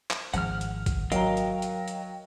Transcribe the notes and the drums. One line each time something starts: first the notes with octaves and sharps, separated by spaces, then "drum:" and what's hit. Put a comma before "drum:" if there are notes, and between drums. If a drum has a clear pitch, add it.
drum: clap
G#1 G#2 F3 F#5 F6, drum: hi-hat
drum: hi-hat
drum: kick, hi-hat
F#3 A#4 D#5 F5 G5 A#5, drum: hi-hat
drum: hi-hat
drum: hi-hat
drum: hi-hat